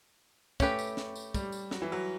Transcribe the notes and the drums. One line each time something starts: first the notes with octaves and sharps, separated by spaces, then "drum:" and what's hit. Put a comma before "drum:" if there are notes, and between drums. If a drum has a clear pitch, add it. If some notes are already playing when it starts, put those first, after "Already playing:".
A3 C#4 G4 B4, drum: kick, tambourine
drum: tambourine
drum: snare
drum: tambourine
G3, drum: kick, tambourine
drum: tambourine
F#3, drum: snare
E3
F#3